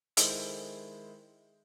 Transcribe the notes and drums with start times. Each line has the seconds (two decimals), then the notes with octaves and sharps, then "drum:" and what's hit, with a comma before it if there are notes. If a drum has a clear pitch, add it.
0.17 D#3 G#3 E4 A4 C5, drum: hi-hat